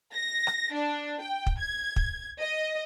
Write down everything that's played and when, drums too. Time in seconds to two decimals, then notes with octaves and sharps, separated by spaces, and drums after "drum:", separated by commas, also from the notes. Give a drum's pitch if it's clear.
0.13 A#6
0.47 drum: rim click
0.72 D4
1.22 G5
1.46 drum: kick
1.59 G#6
1.96 drum: kick
2.40 D#5